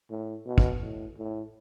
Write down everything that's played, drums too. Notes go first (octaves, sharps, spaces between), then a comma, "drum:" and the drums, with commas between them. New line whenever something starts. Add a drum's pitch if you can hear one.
A2
B2
drum: kick
A2
A2